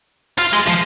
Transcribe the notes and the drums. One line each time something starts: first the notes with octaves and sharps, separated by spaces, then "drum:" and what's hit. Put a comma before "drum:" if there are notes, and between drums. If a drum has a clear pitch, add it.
F4, drum: cymbal
G#3, drum: cymbal
F3